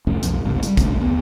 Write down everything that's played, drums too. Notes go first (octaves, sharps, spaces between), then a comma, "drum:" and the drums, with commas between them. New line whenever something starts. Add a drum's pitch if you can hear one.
C2 F2 A3 C#4
B1 F2, drum: hi-hat
G1 C#2 G#2 C3
G3 G#3, drum: hi-hat
C2 D3 A3 C#4, drum: kick, hi-hat
D#2 B3